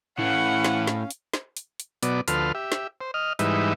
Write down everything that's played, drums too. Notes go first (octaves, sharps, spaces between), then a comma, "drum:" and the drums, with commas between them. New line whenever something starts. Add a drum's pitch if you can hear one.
A2 C#4 E4 B4 F5 F#5
drum: snare
drum: snare
drum: hi-hat
drum: snare
drum: hi-hat
drum: hi-hat
B2 F#3 B3 D5, drum: hi-hat
D2 F3 A4 B4 C6 F6, drum: hi-hat
G4 E5
drum: snare
C5
D#5 F6
G#2 E3 G3 D#4 B4 E5, drum: hi-hat